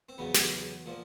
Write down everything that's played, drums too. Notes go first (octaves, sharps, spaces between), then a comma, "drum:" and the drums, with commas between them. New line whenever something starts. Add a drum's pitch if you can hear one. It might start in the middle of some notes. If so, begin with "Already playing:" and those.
C4
E2 C#3 F#3 B3
drum: snare
A#2 F3